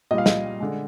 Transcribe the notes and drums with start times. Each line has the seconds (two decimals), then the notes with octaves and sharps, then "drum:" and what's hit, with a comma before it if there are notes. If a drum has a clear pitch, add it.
0.11 A#2 G3 D#5
0.18 F5
0.26 D#5, drum: snare
0.60 D3 G#3